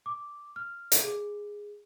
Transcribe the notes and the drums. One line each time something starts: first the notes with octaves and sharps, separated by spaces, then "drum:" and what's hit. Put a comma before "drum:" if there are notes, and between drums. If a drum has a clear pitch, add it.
D6
F6
drum: hi-hat
G#4